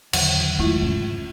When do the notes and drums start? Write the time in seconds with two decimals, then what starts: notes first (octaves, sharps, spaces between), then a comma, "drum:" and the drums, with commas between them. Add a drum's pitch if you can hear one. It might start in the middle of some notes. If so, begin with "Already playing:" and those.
0.13 E2 D3 D#3 F#3 F#5, drum: cymbal
0.59 G#3 A3 E4 F4
0.81 G#2 C#3